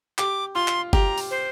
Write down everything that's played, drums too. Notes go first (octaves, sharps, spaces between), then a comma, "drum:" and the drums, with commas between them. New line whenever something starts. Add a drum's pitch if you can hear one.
G4 D6, drum: clap
F4 C6
drum: clap
G4 A#5, drum: kick F#1
drum: open hi-hat
C5